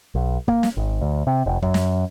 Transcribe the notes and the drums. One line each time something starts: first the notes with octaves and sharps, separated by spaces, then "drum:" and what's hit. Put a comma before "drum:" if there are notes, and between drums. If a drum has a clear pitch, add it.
B1
A#3, drum: kick
drum: snare
G#1
D2
C3
F1
F#2, drum: kick
drum: snare